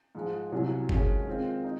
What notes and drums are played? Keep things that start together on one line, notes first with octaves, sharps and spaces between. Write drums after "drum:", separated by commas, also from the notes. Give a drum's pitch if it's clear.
G#2 F3 G#3
C2 C3 F#3 C#4
F2 D#3 G#3 C#4, drum: kick
D#3 G#3 C4 F4
D#4